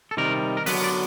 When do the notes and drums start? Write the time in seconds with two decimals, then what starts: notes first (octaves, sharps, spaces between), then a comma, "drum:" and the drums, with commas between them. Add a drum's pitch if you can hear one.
0.11 A4
0.17 C3 D#3 G3 A#4
0.57 A#4
0.66 D3 F#3 B3 B4, drum: open hi-hat
0.84 D5